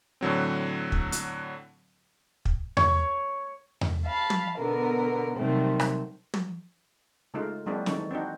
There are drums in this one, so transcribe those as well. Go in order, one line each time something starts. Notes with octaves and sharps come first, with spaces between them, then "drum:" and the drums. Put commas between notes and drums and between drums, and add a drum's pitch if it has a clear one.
A2 D3 F#3 C4
drum: kick
drum: hi-hat
drum: kick
C#5, drum: tom E2
drum: tom E2
F5 A5 B5
drum: tom
B2 D3 B3 A#4
C3 D#3 F#3 G3 A3 C4
drum: rim click
drum: tom
C#3 G#3 A3 D#4 F4
F#3 G#3 A#3 C4 D4 E4
D#3 E3 D#4 A4 C#5, drum: snare
C4 D4 D#4 F#4